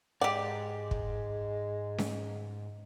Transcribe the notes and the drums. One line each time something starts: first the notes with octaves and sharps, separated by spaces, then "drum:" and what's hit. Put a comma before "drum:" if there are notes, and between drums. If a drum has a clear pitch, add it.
G#2 G#3 G4 D5 F#5
drum: kick
drum: snare C#4